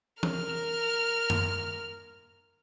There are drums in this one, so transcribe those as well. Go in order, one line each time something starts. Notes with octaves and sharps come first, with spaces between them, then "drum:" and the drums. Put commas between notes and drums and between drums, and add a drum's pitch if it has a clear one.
A#4 F6, drum: tom E3
drum: tom F#2